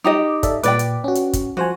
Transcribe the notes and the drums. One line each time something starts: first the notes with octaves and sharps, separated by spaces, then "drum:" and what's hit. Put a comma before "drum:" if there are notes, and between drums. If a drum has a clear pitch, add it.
D#4 G4 D#5 D6
A4 D5 E5, drum: kick, hi-hat
A#2 B4 D5 G5 D6, drum: hi-hat
drum: hi-hat
C#4 F#4
drum: hi-hat
drum: kick, hi-hat
F3 F#4 C5 G#5